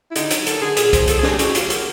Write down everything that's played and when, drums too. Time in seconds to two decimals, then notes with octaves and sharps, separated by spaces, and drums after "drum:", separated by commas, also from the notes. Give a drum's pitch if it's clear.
0.11 E4
0.16 D3 D#4, drum: hi-hat
0.31 F#3, drum: hi-hat
0.46 A#3 A4, drum: hi-hat
0.61 D3 G#4
0.77 A#2 G#4, drum: hi-hat
0.93 F3, drum: kick C2, hi-hat
1.08 A3 A4, drum: hi-hat
1.19 G#4
1.23 D4, drum: snare
1.29 G4
1.39 C#3 F#4, drum: hi-hat
1.55 F#3 F4, drum: hi-hat
1.70 A#3, drum: hi-hat